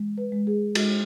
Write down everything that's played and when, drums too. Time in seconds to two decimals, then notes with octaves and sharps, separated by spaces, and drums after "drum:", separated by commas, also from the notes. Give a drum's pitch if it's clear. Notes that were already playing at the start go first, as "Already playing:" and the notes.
Already playing: E3 G#3
0.18 B4
0.32 G#3
0.47 G#4
0.75 G#3 F#4, drum: cymbal